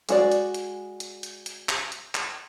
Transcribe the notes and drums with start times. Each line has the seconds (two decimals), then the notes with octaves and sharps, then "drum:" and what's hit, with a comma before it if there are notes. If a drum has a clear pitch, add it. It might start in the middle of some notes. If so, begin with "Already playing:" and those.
0.09 G#3 F#4 D5, drum: hi-hat
0.32 drum: hi-hat
0.54 drum: hi-hat
1.00 drum: hi-hat
1.23 drum: hi-hat
1.46 drum: hi-hat
1.69 drum: clap
1.92 drum: hi-hat
2.15 drum: clap